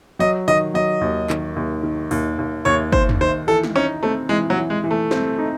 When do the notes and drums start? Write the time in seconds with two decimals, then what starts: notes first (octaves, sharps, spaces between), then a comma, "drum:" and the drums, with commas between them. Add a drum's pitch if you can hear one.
0.19 F#3 D#5
0.48 D#3 D#5
0.74 F#3 D#5
1.01 D#2
1.30 D#3, drum: clap
1.56 D#2
1.83 D#3
2.11 D#2, drum: open hi-hat
2.39 D#2
2.65 D#2 C#5
2.92 D#2 C5, drum: kick
3.09 drum: tom
3.21 D#3 C5
3.47 E3 A4
3.64 drum: snare
3.75 C#4 D#4
4.03 A3 C4
4.29 E3 G#3
4.50 F#3
4.58 E3
4.70 G#3
4.84 E3
4.91 A3
5.11 C4, drum: snare
5.38 D#4